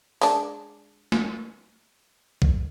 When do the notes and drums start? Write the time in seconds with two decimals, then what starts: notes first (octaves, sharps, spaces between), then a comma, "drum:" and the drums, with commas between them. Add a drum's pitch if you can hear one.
0.21 G#3 D4, drum: open hi-hat
1.12 drum: snare
2.42 drum: kick B1